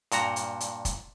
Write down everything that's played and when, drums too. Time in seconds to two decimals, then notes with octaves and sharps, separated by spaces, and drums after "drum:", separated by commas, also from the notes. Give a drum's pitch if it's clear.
0.12 G2 A#2 F#4 A#5, drum: hi-hat
0.36 drum: hi-hat
0.60 drum: hi-hat
0.85 drum: kick, hi-hat